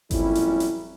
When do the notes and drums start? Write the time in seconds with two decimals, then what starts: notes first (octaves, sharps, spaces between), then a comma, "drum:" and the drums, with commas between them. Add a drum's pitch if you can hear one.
0.11 F2 A#2 F#3 G3 C#4 E4, drum: kick G1, hi-hat
0.35 drum: hi-hat
0.60 drum: hi-hat